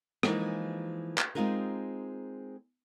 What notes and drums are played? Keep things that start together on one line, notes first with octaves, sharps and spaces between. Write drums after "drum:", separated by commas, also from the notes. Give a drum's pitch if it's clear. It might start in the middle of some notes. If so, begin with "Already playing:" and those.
E3 F3 G#3 A#3 D#4 G#4, drum: rim click
drum: clap
G#3 C4 D#4 F4 G#4 A#4